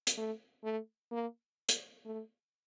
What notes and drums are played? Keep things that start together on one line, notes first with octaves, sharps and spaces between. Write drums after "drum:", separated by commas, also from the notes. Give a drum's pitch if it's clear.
drum: hi-hat
A3
A3
A#3
drum: hi-hat
A3